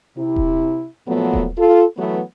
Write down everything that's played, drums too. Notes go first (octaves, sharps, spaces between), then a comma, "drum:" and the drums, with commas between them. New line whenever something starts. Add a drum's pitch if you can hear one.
C3 E4
drum: kick D#1
A#2 F3 F#3 A3 B3
drum: kick D#1
F4 A4
E3 F#3 A3 B3